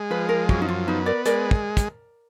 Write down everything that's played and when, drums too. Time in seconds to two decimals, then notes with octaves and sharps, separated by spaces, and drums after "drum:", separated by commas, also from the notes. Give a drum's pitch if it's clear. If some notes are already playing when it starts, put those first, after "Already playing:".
Already playing: G#3
0.10 F3 B4
0.29 A#4
0.49 F#2 F#4, drum: kick
0.62 D#4
0.69 F4
0.87 B3 D#4
1.06 A#4 D5
1.26 G#3 A#4 D5, drum: hi-hat
1.51 drum: kick
1.77 drum: kick, hi-hat